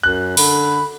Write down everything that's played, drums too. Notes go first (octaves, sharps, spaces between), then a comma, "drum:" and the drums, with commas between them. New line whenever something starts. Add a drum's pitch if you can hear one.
F#2 F#6
D3 B5, drum: open hi-hat